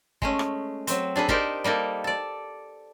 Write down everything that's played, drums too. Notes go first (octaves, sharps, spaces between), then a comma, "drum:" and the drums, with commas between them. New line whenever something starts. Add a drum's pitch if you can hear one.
G#3 A3 C#4, drum: kick
drum: rim click
F#3 C4, drum: hi-hat
D4 G#4 A4 B4
D4 D#4 G4 A#4 C5 D5, drum: kick
G3 A#3 D#4 A4
A4 D5